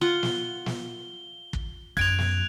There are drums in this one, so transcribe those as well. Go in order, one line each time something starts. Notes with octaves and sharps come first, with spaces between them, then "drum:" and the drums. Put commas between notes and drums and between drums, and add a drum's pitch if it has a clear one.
F4 F#5 G7
drum: snare
drum: snare
drum: kick
F#2 F#6 G#6 D7 F7, drum: kick
drum: snare